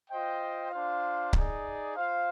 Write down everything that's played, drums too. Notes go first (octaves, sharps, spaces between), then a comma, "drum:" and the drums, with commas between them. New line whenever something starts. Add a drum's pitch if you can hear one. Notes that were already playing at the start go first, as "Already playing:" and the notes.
F4 C5 D#5 G5
D4 F4 C5 F5
D#4 G#4 D5, drum: kick C#1
F4 C5 F5